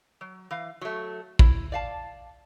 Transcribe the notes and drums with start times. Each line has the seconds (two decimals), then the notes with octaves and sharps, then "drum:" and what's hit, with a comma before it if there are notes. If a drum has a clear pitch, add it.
0.21 F#3
0.51 E3 F5
0.81 F#3 A3
1.39 E4, drum: kick
1.72 D5 F5 A5